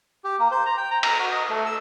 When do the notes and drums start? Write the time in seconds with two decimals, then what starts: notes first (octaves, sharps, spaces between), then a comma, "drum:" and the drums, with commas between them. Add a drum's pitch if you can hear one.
0.24 G4
0.39 A#3
0.51 C5
0.66 A#5
0.77 G5
0.91 A#5
1.03 A#5, drum: cymbal
1.19 F#4
1.31 D#5
1.50 A3
1.66 E6